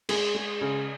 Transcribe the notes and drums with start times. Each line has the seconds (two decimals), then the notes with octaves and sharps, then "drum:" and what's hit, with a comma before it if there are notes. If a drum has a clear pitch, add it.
0.09 G#3 G#4, drum: cymbal
0.35 G#3
0.61 C#3